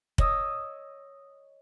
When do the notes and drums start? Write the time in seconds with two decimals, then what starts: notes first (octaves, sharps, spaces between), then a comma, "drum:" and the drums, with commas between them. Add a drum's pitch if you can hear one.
0.18 C#5 D#5 C#6 D#6 E6, drum: kick